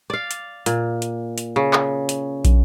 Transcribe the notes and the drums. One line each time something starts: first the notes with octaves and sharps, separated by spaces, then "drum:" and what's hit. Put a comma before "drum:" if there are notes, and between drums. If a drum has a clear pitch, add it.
D5 F5
drum: hi-hat
A#2, drum: hi-hat
drum: hi-hat
drum: hi-hat
C#3
drum: clap
drum: hi-hat
drum: kick, hi-hat